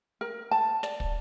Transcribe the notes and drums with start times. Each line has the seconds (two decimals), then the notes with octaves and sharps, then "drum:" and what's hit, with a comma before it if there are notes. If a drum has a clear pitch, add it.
0.21 A#4
0.51 A5
0.83 D5, drum: snare
1.00 drum: kick